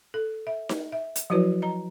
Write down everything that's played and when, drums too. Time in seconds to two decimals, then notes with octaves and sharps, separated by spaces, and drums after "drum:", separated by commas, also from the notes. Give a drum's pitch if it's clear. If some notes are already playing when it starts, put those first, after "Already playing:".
0.14 A4
0.47 E5
0.69 drum: snare D#4
0.92 E5
1.16 drum: hi-hat
1.30 F3 F#3 E4 F#4 B4 C#5
1.62 D#5 A#5